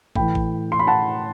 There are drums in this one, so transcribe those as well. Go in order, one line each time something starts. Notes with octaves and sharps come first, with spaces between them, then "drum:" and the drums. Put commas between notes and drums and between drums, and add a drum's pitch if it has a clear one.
A2 E3 G5 B5, drum: kick
drum: kick
C6
B5
F#5 A5